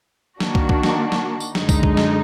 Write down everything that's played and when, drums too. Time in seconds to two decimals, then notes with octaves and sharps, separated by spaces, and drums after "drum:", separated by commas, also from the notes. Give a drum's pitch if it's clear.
0.40 D#3 A#3 D4 F#4, drum: snare
0.55 drum: kick
0.69 drum: kick
0.83 drum: snare
1.12 drum: snare
1.40 drum: tambourine
1.55 F#2 D3 G#3 D#4, drum: snare
1.69 drum: kick, tambourine
1.83 drum: kick
1.97 drum: snare